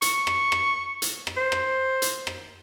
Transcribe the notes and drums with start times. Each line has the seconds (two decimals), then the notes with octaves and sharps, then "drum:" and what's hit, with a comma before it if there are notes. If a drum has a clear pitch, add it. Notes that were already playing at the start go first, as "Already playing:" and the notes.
0.02 C#6, drum: hi-hat
0.27 drum: rim click
0.52 drum: rim click
1.02 drum: hi-hat
1.27 drum: rim click
1.37 C5
1.52 drum: rim click
2.02 drum: hi-hat
2.27 drum: rim click